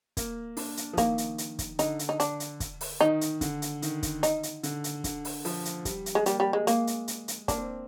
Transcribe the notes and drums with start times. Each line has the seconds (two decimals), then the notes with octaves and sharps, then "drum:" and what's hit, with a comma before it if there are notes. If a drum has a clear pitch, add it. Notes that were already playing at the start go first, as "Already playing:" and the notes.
0.17 A#3, drum: kick, hi-hat
0.57 D4, drum: open hi-hat
0.77 drum: hi-hat
0.93 F3
0.97 D#3 A#3, drum: kick, hi-hat
1.18 drum: hi-hat
1.38 drum: hi-hat
1.59 drum: kick, hi-hat
1.79 D3 D#4, drum: hi-hat
1.99 drum: hi-hat
2.09 D#4
2.20 D4, drum: hi-hat
2.40 drum: hi-hat
2.60 drum: kick, hi-hat
2.81 drum: open hi-hat
3.01 D#3 D#4
3.21 drum: hi-hat
3.41 D3, drum: kick, hi-hat
3.62 drum: hi-hat
3.82 D#3, drum: hi-hat
4.03 drum: kick, hi-hat
4.23 D#4, drum: hi-hat
4.43 drum: hi-hat
4.63 D3, drum: hi-hat
4.84 drum: hi-hat
5.04 D3, drum: kick, hi-hat
5.25 drum: open hi-hat
5.45 F3, drum: open hi-hat
5.65 drum: hi-hat
5.85 G3, drum: kick, hi-hat
6.06 drum: hi-hat
6.15 G#3
6.26 G3 A#3, drum: hi-hat
6.40 G3
6.53 G#3
6.67 G#3 A#3, drum: hi-hat
6.87 drum: hi-hat
7.08 drum: hi-hat
7.28 drum: hi-hat
7.48 A#3 D4, drum: kick, hi-hat
7.58 C4